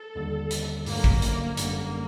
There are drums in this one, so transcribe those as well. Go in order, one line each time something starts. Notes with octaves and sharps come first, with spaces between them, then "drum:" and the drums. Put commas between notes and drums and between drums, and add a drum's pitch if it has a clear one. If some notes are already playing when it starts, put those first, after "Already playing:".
Already playing: A4
D#2 D3 G3
drum: hi-hat
G2 D3 F#3 A#3, drum: open hi-hat
drum: kick
drum: hi-hat
G1 F#2 D3 G3 A#3, drum: hi-hat